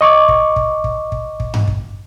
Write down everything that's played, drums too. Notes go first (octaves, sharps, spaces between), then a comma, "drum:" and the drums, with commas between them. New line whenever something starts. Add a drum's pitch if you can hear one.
D#5 C#6 D6
drum: kick
drum: kick
drum: kick
drum: kick
drum: kick
drum: tom G2
drum: kick